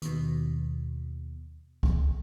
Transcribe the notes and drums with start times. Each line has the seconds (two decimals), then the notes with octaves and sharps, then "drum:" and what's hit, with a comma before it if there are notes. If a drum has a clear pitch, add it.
0.02 D#2 B2, drum: hi-hat
1.83 drum: kick C2